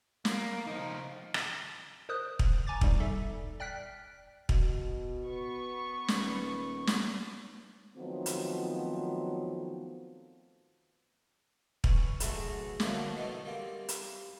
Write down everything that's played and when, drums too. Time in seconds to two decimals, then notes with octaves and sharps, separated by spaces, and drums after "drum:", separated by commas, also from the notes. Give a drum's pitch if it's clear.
0.25 A#3, drum: snare
0.67 F3 D#4
1.34 drum: rim click
2.09 A#4 C5 D#6 F#6
2.39 drum: kick
2.67 G#5 A#5 C#6 D6 A6
2.81 E2 G#2 G3, drum: kick
3.00 A4 E5
3.60 D5 G5 F6 F#6 B6
4.49 B2, drum: kick
5.25 B3 C#6
6.08 D#1, drum: snare
6.87 drum: snare
7.96 D#3 F3 F#3 A3 B3 C4
8.26 drum: hi-hat
11.84 C#4 B4, drum: kick
12.20 B1 D3 A3 F#4 G#4 E5, drum: hi-hat
12.80 D3 D#3 F3 F#3 A3 D4, drum: snare
13.15 B2 D#3 E3 A3 B3
13.45 G3 A#3 C4
13.89 drum: hi-hat